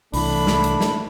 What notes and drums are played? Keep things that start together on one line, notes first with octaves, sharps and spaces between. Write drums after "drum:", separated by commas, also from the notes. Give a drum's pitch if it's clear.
C2 E3 A3 D4 B5, drum: open hi-hat
drum: snare
drum: hi-hat
drum: snare